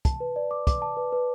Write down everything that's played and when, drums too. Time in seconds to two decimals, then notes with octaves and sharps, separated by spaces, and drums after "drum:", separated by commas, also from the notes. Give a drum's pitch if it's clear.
0.05 A5, drum: kick, hi-hat
0.20 B4
0.36 D5
0.51 D6
0.67 D6, drum: kick, hi-hat
0.82 A5
0.97 B4
1.12 B4